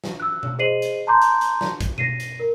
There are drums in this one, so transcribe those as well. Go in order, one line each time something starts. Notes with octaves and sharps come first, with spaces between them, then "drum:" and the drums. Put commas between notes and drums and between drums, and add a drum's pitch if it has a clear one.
drum: snare
E6 F#6
drum: tom B2
G#4 C5 D#5 C7 D#7 F#7
drum: hi-hat
A5 A#5 C6 D6 G6
drum: hi-hat
drum: hi-hat
drum: snare
drum: kick, hi-hat
A#6 C7 D#7, drum: tom B2
drum: hi-hat
A#4